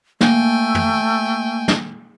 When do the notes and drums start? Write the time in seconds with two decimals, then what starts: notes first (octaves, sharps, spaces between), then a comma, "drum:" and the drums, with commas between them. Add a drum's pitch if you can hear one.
0.21 A3 A#3 G5 G#5, drum: snare
0.75 drum: tom
1.68 drum: snare